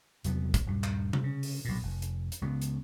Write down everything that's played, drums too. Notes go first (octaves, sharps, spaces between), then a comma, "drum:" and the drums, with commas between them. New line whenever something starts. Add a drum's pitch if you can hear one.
E2 C3 F#3 B3, drum: hi-hat
drum: kick, hi-hat
D#1 G2
drum: clap
drum: tom C3
C#3
drum: open hi-hat
B1 A#2
F1
drum: hi-hat
drum: hi-hat
C#2 C#3 B3
drum: hi-hat